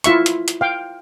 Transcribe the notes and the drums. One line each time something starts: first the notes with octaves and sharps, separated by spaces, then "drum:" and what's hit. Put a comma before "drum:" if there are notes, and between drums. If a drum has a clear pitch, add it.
E4 F4 E5 C#6, drum: hi-hat
drum: hi-hat
drum: hi-hat
F5 G5